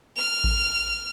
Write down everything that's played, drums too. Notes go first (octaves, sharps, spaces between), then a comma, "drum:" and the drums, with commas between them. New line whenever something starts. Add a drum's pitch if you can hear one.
F6 F7
drum: kick A1